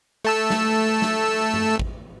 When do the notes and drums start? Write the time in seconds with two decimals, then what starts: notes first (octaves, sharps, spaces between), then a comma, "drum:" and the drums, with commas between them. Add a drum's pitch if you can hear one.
0.25 A3 A5 E6
0.50 drum: snare
1.02 drum: snare
1.54 drum: tom G2
1.79 drum: kick